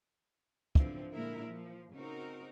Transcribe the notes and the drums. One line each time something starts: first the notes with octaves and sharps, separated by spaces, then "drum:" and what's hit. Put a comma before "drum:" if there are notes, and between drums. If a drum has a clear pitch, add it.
D3 E3 F3 C4, drum: kick
A#2 D3 G#3 A#3 E4 A#4
F3
C#3 C4 D#4 F#4 A#4